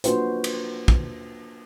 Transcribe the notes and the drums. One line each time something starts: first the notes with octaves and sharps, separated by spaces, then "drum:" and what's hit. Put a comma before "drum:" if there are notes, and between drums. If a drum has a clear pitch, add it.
A#3 D4 F4 F#4 B4 C5, drum: hi-hat
drum: cymbal
drum: kick